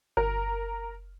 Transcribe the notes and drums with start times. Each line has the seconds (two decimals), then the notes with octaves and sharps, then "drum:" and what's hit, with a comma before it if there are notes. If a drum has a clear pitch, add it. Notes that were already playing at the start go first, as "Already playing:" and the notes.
0.17 A#4, drum: kick G1